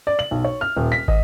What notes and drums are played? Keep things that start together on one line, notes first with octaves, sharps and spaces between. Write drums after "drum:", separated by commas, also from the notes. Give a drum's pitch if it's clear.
D5
F#7
B1
C#5
F6
D#1
B6
D#5, drum: kick